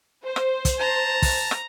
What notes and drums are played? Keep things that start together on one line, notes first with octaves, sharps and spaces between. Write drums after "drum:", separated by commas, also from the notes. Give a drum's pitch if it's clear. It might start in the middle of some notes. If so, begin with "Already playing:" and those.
C5
drum: rim click
drum: kick, hi-hat
A5 A#5
drum: kick, open hi-hat
drum: rim click